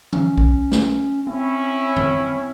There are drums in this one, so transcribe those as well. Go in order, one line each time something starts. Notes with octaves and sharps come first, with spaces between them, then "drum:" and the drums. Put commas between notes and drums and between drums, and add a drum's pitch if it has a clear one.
C#4, drum: tom E3
drum: kick B1
drum: snare
C4 C#4 E4
drum: tom F2